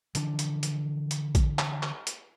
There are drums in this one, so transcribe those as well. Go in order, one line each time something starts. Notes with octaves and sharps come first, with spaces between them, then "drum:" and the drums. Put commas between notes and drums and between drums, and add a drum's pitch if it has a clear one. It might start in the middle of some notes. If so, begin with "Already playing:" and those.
D3 E3 F3 D4, drum: hi-hat
drum: hi-hat
drum: hi-hat
drum: hi-hat
drum: kick, hi-hat
drum: clap
drum: clap
drum: hi-hat